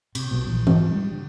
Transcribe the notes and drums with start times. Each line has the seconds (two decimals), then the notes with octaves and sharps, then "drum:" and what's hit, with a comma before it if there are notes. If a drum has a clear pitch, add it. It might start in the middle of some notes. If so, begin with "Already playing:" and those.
0.15 C3, drum: cymbal
0.31 B1 B2
0.47 A#1 E3
0.67 G#2, drum: tom E3
0.91 G3
1.11 D3